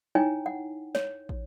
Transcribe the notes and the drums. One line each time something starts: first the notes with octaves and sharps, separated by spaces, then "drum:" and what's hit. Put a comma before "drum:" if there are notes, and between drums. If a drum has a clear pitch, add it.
D#4 E4 C#5 G5 G#5 A#5
F#5
C#5, drum: snare
drum: kick